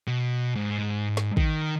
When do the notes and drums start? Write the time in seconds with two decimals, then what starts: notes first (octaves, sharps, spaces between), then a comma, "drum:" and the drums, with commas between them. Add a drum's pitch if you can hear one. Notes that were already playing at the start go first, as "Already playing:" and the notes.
0.07 B2
0.55 G#2
1.17 drum: snare
1.37 D#3, drum: kick